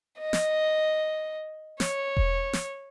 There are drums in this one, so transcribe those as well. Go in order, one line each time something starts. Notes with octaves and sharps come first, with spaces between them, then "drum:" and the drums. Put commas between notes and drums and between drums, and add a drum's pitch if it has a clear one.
D#5
drum: snare
C#5, drum: snare
drum: kick E1
drum: snare